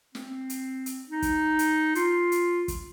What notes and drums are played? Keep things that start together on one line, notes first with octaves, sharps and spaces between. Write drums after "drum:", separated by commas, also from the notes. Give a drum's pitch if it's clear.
C4, drum: snare
drum: hi-hat
drum: hi-hat
D#4
drum: kick, hi-hat
drum: hi-hat
F4, drum: hi-hat
drum: hi-hat
drum: kick, hi-hat